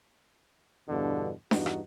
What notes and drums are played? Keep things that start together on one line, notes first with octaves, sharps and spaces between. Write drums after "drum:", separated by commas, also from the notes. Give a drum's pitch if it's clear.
E2 G2 B2 D3
E2 G2 D#4 F#4, drum: snare
drum: rim click